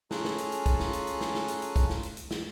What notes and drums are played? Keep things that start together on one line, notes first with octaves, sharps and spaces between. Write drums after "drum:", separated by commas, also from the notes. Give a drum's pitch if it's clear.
C#4 F4 G#4 A4 A#5 F#6, drum: snare
drum: snare
drum: hi-hat
drum: hi-hat
drum: kick, hi-hat
drum: snare
drum: hi-hat
drum: hi-hat
drum: snare
drum: snare
drum: hi-hat
drum: hi-hat
drum: kick, hi-hat
drum: snare
drum: hi-hat
drum: hi-hat
drum: snare